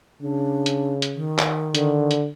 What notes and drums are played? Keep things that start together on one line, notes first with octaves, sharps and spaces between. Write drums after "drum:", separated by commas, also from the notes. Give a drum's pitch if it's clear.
C#3 D4
drum: hi-hat
drum: hi-hat
D#3
drum: clap
D3, drum: hi-hat
drum: hi-hat